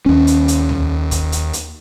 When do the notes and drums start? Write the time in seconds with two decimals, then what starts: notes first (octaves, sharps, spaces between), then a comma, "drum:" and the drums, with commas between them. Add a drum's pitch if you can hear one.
0.06 D#2 C#4
0.27 drum: hi-hat
0.48 drum: hi-hat
0.69 drum: tom C#2
1.11 drum: kick, hi-hat
1.32 drum: hi-hat
1.53 drum: hi-hat